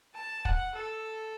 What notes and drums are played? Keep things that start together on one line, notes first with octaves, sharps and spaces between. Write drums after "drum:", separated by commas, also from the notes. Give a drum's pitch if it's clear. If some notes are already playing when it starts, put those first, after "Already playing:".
A5
F#5, drum: kick
A4